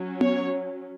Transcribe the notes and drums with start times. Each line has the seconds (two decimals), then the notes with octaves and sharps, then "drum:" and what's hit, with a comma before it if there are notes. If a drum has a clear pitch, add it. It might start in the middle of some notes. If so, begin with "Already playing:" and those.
Already playing: F#3 C#4
0.21 C#5, drum: tom B3